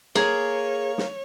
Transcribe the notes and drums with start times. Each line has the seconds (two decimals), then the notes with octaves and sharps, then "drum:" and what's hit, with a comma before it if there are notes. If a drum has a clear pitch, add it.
0.15 A#3 G#4 A#4 C#5, drum: snare
0.98 drum: snare